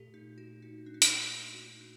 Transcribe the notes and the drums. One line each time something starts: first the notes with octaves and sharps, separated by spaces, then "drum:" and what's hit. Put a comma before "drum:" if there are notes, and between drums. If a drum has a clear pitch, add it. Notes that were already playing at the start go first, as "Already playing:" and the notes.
Already playing: A#2 A3 C4 G4 A4
D#4
F#4
D#4
D4
D#4
D4, drum: hi-hat
F#4
D#4
D4